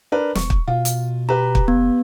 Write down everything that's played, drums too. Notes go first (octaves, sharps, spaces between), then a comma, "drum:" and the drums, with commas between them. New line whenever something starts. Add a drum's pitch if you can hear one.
D4 A#4 B4
E1 C#6, drum: snare
drum: kick
B2 F4
drum: hi-hat
G4 B4 A#5
drum: kick
F1 B3